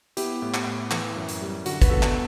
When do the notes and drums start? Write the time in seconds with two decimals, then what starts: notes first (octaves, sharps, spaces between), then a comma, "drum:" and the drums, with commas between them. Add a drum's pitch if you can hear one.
0.17 B3 E4 G4, drum: hi-hat
0.42 A2
0.54 drum: clap
0.67 A2
0.91 E3, drum: clap
1.16 F#2
1.28 drum: hi-hat
1.41 G3
1.66 D3 F#4, drum: hi-hat
1.82 B4, drum: kick, hi-hat
1.90 B3 F#4 A4
2.03 drum: clap